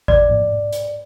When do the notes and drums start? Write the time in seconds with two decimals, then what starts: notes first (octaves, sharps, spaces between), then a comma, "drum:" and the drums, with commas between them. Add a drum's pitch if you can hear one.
0.08 D5, drum: kick G#1
0.30 drum: tom G#2
0.73 drum: hi-hat